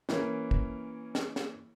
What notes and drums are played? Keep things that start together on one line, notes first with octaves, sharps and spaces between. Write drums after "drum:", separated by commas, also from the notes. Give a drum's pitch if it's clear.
E3 A#3 C#4, drum: snare
drum: kick
drum: snare
drum: snare